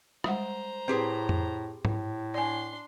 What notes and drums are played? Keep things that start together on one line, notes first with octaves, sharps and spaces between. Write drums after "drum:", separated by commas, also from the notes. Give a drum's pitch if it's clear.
G3 G#3 C5 F#5 A#5, drum: rim click
A2 C4 G4 G#4 B4
drum: tom F2
A2, drum: tom G#2
D4 D5 G#5 C6